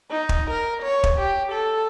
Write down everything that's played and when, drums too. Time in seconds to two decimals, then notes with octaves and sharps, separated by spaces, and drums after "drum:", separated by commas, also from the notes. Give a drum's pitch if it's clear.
0.11 D#4
0.29 drum: kick
0.50 A#4
0.82 C#5
1.04 drum: kick
1.19 G4
1.52 A4